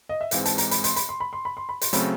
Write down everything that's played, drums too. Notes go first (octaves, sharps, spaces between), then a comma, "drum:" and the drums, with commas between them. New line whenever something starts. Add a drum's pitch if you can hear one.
D#5
E5
G#2 E3 G#3 C4 F5, drum: hi-hat
A5, drum: hi-hat
A#5, drum: hi-hat
B5, drum: hi-hat
C6, drum: hi-hat
B5, drum: hi-hat
C6
B5
C6
B5
C6
B5
C6, drum: hi-hat
C#3 F#3 A3 C4 B5, drum: hi-hat